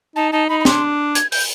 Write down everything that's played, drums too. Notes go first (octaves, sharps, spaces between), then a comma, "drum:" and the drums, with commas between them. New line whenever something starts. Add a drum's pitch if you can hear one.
D#4 A5
D#4 A5
D#4 B5
B5
D4 C6, drum: snare
G#6, drum: hi-hat
G6, drum: open hi-hat